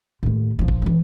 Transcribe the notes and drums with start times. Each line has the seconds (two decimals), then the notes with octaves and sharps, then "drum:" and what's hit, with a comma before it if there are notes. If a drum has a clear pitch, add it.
0.23 D#2 A2
0.59 A#1 F3
0.68 drum: kick G1
0.82 E3 B3